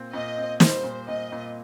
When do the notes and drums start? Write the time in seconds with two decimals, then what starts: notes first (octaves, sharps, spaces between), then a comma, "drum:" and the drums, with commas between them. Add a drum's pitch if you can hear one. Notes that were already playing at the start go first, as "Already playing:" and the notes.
Already playing: A#2 C4
0.13 A#2 D#5
0.37 C4
0.60 G3 C5, drum: snare
0.84 A#2
1.08 A#2 D#5
1.32 A#2